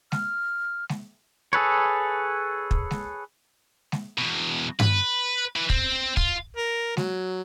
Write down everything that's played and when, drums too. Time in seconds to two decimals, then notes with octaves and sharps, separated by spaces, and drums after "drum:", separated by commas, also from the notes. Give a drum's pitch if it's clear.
0.12 F6, drum: snare G#3
0.89 drum: snare G#3
1.53 G#4 A4 B4 C#5
2.71 drum: kick
2.91 drum: snare G#3
3.92 drum: snare G#3
4.18 E2 B2
4.80 B4, drum: tom G2
5.56 E3 B4
5.70 C4, drum: kick
6.17 F4, drum: kick
6.57 A#4
6.97 F#3, drum: snare G#3